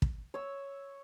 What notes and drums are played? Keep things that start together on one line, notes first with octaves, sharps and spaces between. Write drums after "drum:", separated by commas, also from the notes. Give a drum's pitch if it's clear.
drum: kick
C#5 E6